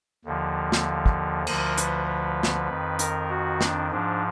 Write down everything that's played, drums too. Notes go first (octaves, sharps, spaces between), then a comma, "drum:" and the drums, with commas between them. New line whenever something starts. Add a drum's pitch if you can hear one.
D#2 D3 F3
drum: snare
drum: kick
D2 D3 F3 A#4, drum: cymbal
B4, drum: hi-hat
B4
drum: snare
F2 D#3
A#4, drum: hi-hat
F#4
D4, drum: snare
G#2 F3 D4